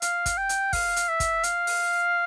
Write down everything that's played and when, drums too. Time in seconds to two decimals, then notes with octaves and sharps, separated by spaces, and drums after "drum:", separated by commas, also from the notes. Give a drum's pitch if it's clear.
0.02 F5, drum: hi-hat
0.26 drum: kick, hi-hat
0.37 G5
0.49 drum: hi-hat
0.73 F5, drum: kick, open hi-hat
0.96 drum: hi-hat
1.08 E5
1.20 drum: kick, hi-hat
1.43 F5, drum: hi-hat
1.67 drum: open hi-hat